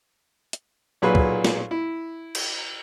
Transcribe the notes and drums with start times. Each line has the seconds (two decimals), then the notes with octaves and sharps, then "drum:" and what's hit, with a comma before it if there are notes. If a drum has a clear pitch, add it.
0.53 drum: hi-hat
1.02 B1 A#2 F#3 G#4 B4
1.15 drum: kick
1.45 drum: snare
1.71 E4
2.35 drum: cymbal